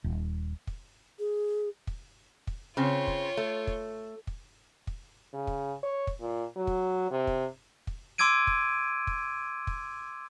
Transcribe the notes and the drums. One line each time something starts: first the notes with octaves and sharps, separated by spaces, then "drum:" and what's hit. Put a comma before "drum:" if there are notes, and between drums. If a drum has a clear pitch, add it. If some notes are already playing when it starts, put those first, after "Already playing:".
D#1
drum: kick
G#4
drum: kick
drum: kick
C#3 C4 F4 C#5
drum: kick
A3
drum: kick
drum: kick
drum: kick
C#3
drum: kick
C#5
drum: kick
A#2
F#3
drum: kick
C3
drum: kick
drum: kick
C6 D6 E6 G#6 D7 D#7
drum: kick
drum: kick
drum: kick